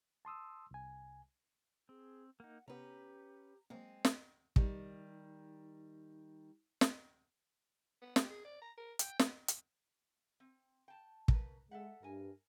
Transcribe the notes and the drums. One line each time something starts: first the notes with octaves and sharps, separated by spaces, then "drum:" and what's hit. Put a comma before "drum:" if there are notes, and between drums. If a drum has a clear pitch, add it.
A5 C6 D#6 E6
C2 G#5
C4 G#4
A#3 D#4 F#5
C3 B3 C#4 G4 B4 A#5
F#3 G#3 A#3 C4
drum: snare
D#3 G3, drum: kick
drum: snare
B3
G4, drum: snare
G#4
D5
A#5
A#4
G5, drum: hi-hat
B3, drum: snare
drum: hi-hat
C4
G5 A5
C#3 A#4 B4, drum: kick
G#3 A4 E5 F#5
G2 A#4 G#5